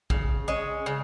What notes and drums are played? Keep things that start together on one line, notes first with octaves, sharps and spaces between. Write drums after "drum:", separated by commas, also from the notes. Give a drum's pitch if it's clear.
C#3, drum: kick
G#3 C#4
C#3